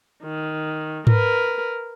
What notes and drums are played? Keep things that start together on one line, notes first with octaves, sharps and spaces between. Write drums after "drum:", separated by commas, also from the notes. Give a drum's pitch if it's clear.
D#3
A#4 B4, drum: tom G#2